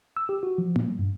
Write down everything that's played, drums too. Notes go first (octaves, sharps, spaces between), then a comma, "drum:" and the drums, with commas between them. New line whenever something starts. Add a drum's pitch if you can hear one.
E6
G4
F#4
F3
A#2, drum: tom A#3
G3
G2